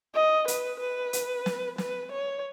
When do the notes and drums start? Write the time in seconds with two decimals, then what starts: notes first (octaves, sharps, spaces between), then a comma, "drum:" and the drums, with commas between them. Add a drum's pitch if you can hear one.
0.14 D#5
0.48 B4, drum: hi-hat
0.80 B4
1.13 drum: hi-hat
1.46 drum: snare
1.78 B4, drum: snare
2.12 C#5